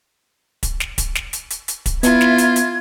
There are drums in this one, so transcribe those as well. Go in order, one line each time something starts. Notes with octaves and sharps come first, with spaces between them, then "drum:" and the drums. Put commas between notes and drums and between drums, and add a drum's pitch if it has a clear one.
drum: kick, hi-hat
drum: snare
drum: kick, hi-hat
drum: snare
drum: hi-hat
drum: hi-hat
drum: hi-hat
drum: kick, hi-hat
B3 E4 F4 G#6, drum: hi-hat
drum: snare
drum: hi-hat
drum: hi-hat